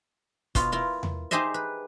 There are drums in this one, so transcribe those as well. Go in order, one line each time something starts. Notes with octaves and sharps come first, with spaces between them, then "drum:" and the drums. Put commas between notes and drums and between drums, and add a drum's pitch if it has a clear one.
B2 F4, drum: kick, hi-hat
E4 F4 A#4
drum: tom E2
D#4 G4 G#4 C5 D#5 E5
B4